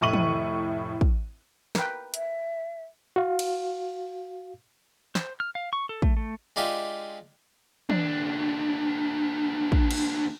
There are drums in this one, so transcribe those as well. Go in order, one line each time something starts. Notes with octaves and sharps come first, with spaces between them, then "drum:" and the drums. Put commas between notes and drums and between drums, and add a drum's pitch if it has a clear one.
F1 A2 E4 C#6 D#7 F#7
drum: tom
drum: kick
A#4 B4 G5, drum: snare
E5, drum: hi-hat
F#4 F5
drum: cymbal
C5, drum: snare
F6
F5
C#6
A4
A3, drum: kick
A3
G#3 D4 D#4 F4 G4 E5
D#2 D4, drum: tom
drum: kick
drum: cymbal